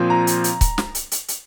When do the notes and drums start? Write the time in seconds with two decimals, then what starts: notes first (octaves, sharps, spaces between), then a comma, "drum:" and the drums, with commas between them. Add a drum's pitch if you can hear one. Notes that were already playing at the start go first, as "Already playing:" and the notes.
Already playing: A#2 F3 C4
0.10 A#5
0.27 drum: hi-hat
0.44 drum: hi-hat
0.61 drum: kick C#1, hi-hat
0.78 drum: snare
0.95 drum: hi-hat
1.12 drum: hi-hat
1.28 drum: hi-hat